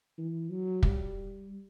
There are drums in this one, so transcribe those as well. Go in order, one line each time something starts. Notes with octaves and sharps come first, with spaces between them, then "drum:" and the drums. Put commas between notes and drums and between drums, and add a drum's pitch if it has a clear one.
E3
F#3
G3, drum: kick